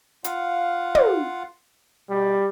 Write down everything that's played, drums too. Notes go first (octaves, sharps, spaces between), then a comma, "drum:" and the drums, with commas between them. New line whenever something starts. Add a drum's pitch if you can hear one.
F4 F5 F#5, drum: hi-hat
drum: tom
B2 G3